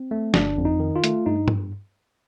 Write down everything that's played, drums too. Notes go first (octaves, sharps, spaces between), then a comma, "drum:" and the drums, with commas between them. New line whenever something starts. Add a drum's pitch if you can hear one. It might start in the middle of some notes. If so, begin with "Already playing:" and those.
Already playing: C4
A3
G1 D4, drum: snare
F2
D#4
D#3
F4
A3, drum: hi-hat
G2 D#4
drum: tom